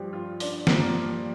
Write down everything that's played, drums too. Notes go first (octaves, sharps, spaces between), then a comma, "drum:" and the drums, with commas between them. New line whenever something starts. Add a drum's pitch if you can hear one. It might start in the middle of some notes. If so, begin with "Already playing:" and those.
Already playing: G2 F3 G4
F4
D4, drum: open hi-hat
G2 F3 A#3, drum: snare